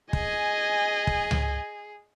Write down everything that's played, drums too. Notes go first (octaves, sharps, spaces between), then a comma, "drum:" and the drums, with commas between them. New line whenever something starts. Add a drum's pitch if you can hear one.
G#4 D#5 G#5, drum: kick
drum: kick
drum: tom C#2